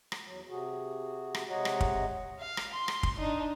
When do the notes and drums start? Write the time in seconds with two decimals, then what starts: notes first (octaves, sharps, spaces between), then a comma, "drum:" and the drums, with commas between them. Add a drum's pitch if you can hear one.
0.12 drum: rim click
0.25 E2 F#3
0.49 C3 F#4 G#4
1.35 drum: rim click
1.50 C3 G#3 C#5 D#5 F#5 A#5
1.65 drum: rim click
1.81 drum: kick
2.40 F5
2.57 drum: rim click
2.74 C6
2.88 drum: rim click
3.03 drum: kick
3.20 D4 D#4